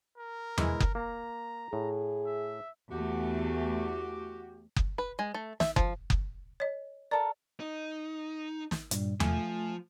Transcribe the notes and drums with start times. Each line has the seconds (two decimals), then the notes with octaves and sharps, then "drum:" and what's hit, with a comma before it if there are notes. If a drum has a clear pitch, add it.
0.17 A#4
0.58 E3 G#3 E4, drum: tom E2
0.80 drum: kick F#1
0.95 A#3 A#5
1.73 A2 G#4
2.26 E5
2.91 E2 A3 F#4 G4
4.76 drum: kick F#1
4.98 B4
5.19 G#3
5.34 A3
5.60 E5, drum: snare
5.76 F3, drum: kick F#1
6.10 drum: kick F#1
6.60 C#5 D#5
7.11 A4 A#4 D5
7.60 D#4
8.71 drum: snare
8.91 G2 A#2 G3, drum: hi-hat
9.20 F3 A3 G#5, drum: tom E2